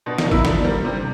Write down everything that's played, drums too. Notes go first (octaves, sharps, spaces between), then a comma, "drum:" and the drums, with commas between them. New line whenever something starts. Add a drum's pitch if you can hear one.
B2 D4
D#4, drum: snare
F#3 A#3
E4, drum: kick G1
D3 D4, drum: snare
G3 A#3
C3